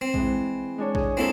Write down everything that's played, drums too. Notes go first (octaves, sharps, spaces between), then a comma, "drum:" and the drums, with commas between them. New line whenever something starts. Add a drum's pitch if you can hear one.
C4
E3 G#3, drum: kick A#1
G#3 D4 C#5
G#4, drum: kick A#1
D#2 G#2 C4 E4 A4